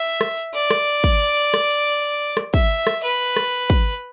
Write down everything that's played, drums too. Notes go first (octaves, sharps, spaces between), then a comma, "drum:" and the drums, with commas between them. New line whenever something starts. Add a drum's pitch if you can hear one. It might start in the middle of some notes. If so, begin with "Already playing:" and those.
Already playing: E5
drum: rim click
drum: tambourine
D5
drum: rim click
drum: kick, tambourine
drum: tambourine
drum: rim click
drum: tambourine
drum: tambourine
drum: rim click
E5, drum: kick
drum: tambourine
drum: rim click
B4, drum: tambourine
drum: rim click
drum: kick, tambourine